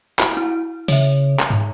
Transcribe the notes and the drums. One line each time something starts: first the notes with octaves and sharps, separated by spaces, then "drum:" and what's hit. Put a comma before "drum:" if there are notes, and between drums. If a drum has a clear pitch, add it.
E4 F#4 D7, drum: clap
E4
C#3 C#5 E5, drum: open hi-hat
drum: clap
G#2